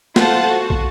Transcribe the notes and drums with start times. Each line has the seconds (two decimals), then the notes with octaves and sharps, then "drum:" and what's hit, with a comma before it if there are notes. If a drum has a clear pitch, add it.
0.16 F4 A4 C5 F#5 A5, drum: snare
0.49 F#4
0.70 drum: kick